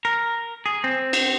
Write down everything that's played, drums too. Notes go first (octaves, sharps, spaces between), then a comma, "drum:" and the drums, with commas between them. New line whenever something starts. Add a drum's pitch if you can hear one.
A#4
G#4
C4
drum: cymbal